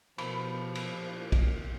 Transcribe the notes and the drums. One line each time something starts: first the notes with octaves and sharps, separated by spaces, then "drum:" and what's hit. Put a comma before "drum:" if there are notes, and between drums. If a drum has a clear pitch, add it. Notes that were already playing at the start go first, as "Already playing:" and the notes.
B2 F3 B5, drum: cymbal
drum: cymbal
A#2
drum: kick, cymbal